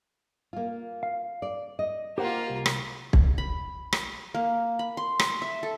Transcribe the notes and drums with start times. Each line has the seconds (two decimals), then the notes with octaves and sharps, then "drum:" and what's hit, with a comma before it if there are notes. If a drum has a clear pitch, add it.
0.53 A#3 F4
1.03 F5
1.42 D5
1.79 D#5
2.18 A#3 F4 G4 C5 F#5
2.50 C2
2.66 drum: rim click
3.13 drum: kick
3.38 B5
3.93 drum: rim click
4.35 A#3
4.79 B5
4.97 C6
5.19 drum: rim click
5.42 E5
5.63 A4